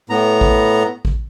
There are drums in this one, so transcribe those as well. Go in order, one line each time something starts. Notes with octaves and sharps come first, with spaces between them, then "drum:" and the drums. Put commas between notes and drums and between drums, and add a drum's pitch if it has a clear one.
A2 B3 A#5
drum: kick
drum: kick